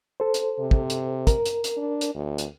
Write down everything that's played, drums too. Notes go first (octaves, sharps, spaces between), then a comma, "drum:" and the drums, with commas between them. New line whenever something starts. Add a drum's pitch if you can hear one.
A4 C5
drum: hi-hat
C3
drum: kick
drum: hi-hat
A#4, drum: kick, hi-hat
drum: hi-hat
drum: hi-hat
D4
drum: hi-hat
D2
drum: hi-hat